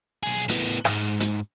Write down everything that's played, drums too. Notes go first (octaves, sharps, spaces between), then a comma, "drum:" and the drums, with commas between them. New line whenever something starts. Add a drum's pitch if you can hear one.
B1 G#4
A2 B3, drum: hi-hat
G#2, drum: rim click
drum: hi-hat